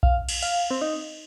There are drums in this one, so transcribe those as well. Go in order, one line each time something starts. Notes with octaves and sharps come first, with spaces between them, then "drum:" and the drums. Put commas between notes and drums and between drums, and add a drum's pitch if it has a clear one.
F5, drum: kick B1
drum: cymbal
F5, drum: open hi-hat
C4
D#4